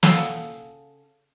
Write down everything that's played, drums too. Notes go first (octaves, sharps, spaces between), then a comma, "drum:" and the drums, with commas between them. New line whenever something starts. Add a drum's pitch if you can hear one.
C#3 A4 F5 F#5, drum: snare